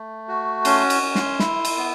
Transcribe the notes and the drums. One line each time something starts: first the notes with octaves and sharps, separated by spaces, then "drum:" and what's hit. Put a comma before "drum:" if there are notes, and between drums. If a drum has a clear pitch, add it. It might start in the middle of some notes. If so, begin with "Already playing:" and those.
Already playing: A3
F#4
C#4 C6, drum: cymbal
drum: cymbal
C#4
C6, drum: snare
E4, drum: snare
drum: cymbal
B3